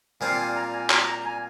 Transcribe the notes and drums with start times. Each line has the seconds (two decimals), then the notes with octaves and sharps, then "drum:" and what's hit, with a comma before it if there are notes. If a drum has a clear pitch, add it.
0.21 A#2 G3 C4 F4 G#5
0.39 G#5
0.56 A#5
0.73 G#5
0.90 A#5, drum: clap
1.07 A#5
1.21 A#5
1.25 G#5